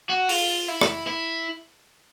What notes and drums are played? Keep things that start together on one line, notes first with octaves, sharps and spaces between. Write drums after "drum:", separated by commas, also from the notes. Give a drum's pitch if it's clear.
F#4
F4, drum: open hi-hat
E4
drum: rim click
E4